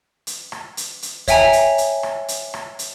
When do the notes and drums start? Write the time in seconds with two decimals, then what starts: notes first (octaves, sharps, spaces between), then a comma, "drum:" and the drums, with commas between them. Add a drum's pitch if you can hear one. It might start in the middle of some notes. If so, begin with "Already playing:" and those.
0.27 drum: hi-hat
0.52 drum: rim click
0.77 drum: hi-hat
1.02 drum: hi-hat
1.28 C#5 E5 G5 G#5 A#5, drum: kick D#2, hi-hat
1.53 drum: hi-hat
1.78 drum: hi-hat
2.03 drum: rim click
2.28 drum: hi-hat
2.54 drum: rim click
2.79 drum: hi-hat